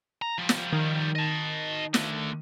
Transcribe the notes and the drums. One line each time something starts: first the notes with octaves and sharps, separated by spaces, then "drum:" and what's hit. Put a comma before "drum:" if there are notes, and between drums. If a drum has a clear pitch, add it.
A#5
F3 G3
drum: snare
D#3
D#5 A5
D3 A3, drum: snare